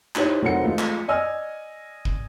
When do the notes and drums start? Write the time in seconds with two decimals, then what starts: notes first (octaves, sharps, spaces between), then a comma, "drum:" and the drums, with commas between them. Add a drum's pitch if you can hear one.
0.15 D#4 E4 G4 C5 C#5, drum: clap
0.42 F1 F#3 C4 A#4 F#5 C#7
0.63 F3 G#3 A3 F4
0.79 drum: clap
1.08 D5 D#5 G#5 E6 F6
2.05 drum: kick